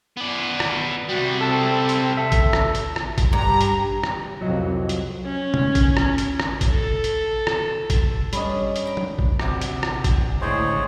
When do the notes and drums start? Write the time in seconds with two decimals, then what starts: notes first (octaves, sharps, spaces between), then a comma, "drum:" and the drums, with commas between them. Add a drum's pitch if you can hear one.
0.17 B3 D5
0.60 drum: rim click
1.09 C3 G3 F#4
1.41 C4 A4 A5
1.89 drum: hi-hat
2.17 A4 E5
2.32 drum: kick G#1, hi-hat
2.53 drum: rim click
2.75 drum: hi-hat
2.96 drum: rim click
3.18 drum: kick G#1, hi-hat
3.33 G2 A#5
3.61 drum: hi-hat
4.04 drum: rim click
4.41 C2 F2 F#3 D#5
4.89 drum: hi-hat
5.26 C#4
5.54 drum: tom
5.75 drum: kick G#1, hi-hat
5.97 drum: rim click
6.18 drum: hi-hat
6.40 drum: rim click
6.61 drum: kick G#1, hi-hat
6.72 A4
7.04 drum: hi-hat
7.47 drum: rim click
7.90 drum: kick G#1, hi-hat
8.33 G2 G3 C#4 D4 D#5 B5, drum: hi-hat
8.76 drum: hi-hat
8.86 G5 A#5
8.97 drum: tom F#3
9.19 drum: kick G#1
9.39 A#1 C3 F#4, drum: rim click
9.61 drum: hi-hat
9.83 drum: rim click
10.04 drum: kick G#1, hi-hat
10.41 C#2 A2 D3 G#4 C5 C#5